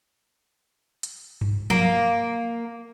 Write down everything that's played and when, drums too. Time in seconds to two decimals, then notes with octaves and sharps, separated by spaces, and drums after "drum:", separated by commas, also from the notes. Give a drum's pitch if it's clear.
1.03 drum: hi-hat
1.41 drum: tom G2
1.70 A#3, drum: tom F3